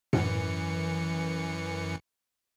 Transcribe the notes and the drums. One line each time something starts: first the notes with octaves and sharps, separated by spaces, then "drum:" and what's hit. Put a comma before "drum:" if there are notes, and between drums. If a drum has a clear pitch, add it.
F#2 E3 C#7, drum: tom A2